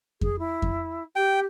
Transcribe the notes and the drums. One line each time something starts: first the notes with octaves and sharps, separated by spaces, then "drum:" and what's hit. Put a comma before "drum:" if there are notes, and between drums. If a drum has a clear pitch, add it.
G#4, drum: kick F2
E4
drum: kick F2
G4 G5